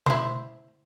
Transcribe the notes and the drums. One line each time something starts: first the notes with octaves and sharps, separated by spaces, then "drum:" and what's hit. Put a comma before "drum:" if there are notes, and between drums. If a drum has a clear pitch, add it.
E4 C5, drum: tom B2